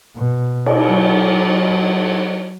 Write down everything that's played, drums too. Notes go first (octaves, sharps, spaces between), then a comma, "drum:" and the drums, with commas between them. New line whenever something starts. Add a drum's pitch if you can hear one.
B2
drum: cymbal
F#3